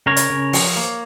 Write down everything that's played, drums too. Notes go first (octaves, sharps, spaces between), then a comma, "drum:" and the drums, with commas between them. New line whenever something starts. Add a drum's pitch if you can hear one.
C#3 A#4 C#5
drum: hi-hat
C#3
F3, drum: open hi-hat
A#3